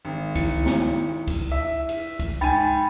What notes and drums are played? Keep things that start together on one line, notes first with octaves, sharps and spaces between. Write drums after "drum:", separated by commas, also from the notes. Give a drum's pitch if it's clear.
G#1
E4 C#7, drum: kick C#2, cymbal
drum: snare
drum: kick C#2, cymbal
E5
drum: cymbal
drum: kick C#2, cymbal
G#2 G5 G#5 B5 A6